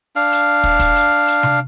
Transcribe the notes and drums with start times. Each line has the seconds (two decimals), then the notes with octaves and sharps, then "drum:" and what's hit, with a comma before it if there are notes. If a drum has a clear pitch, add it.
0.16 D4 F5, drum: open hi-hat
0.32 drum: hi-hat
0.64 drum: kick, open hi-hat
0.79 drum: kick, hi-hat
0.95 drum: hi-hat
1.11 drum: open hi-hat
1.27 drum: hi-hat
1.43 drum: tom C3